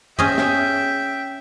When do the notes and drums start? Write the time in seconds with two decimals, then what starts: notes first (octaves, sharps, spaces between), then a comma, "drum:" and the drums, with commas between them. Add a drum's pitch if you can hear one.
0.19 C#4 G#4 D#5 E5 G5, drum: tom F#2
0.38 drum: snare